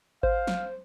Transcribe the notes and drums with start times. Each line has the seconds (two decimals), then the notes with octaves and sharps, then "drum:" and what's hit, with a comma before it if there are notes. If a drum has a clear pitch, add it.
0.23 C5 F5, drum: kick G#1
0.47 drum: snare